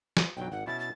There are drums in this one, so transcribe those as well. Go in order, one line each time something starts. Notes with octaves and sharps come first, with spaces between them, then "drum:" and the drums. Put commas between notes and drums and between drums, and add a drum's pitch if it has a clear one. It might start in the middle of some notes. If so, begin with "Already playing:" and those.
drum: snare
B1 G2 F#3 G5
G#1 F#5
B2 C#4 E4 A6
A6